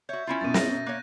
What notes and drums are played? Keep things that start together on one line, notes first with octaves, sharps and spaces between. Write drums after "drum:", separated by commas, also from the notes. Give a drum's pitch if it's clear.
F#4 C#5 E5 G6
C#4 E4 F4
F#2 B2 A6 D#7
A#6, drum: snare
A#3 C#5 F#6